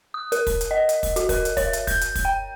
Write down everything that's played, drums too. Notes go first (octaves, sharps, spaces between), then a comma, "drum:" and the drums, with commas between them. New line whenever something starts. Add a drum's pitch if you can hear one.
D#6
A#4, drum: hi-hat
drum: kick, open hi-hat
drum: hi-hat
D#5
drum: hi-hat
drum: kick, open hi-hat
F#4, drum: hi-hat
A#4, drum: kick, open hi-hat
drum: hi-hat
C#5, drum: kick, open hi-hat
drum: hi-hat
G6, drum: kick, open hi-hat
drum: hi-hat
drum: kick, open hi-hat
G5